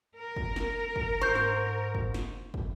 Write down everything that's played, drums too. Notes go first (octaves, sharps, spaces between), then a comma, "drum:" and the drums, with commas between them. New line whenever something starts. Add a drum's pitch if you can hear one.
A#4
drum: kick
drum: snare
drum: kick
G#2 C5 C#6 G6
drum: snare
drum: kick
drum: snare
drum: kick